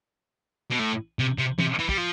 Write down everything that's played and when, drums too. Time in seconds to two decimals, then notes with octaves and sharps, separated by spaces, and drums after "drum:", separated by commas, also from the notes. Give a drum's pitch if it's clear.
0.71 B2
0.80 A2
1.19 C3
1.38 C3
1.59 C3, drum: tom E3
1.79 E3
1.89 G3, drum: kick
1.97 F3